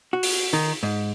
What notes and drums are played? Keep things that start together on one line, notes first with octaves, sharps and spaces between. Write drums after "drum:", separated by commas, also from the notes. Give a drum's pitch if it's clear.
F#4
drum: open hi-hat
D#3
G#2